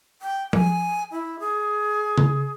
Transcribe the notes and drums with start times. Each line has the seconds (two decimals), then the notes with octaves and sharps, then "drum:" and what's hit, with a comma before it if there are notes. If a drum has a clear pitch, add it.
0.22 G5
0.53 G#5, drum: tom F3
1.12 E4
1.40 G#4
2.18 drum: tom C#3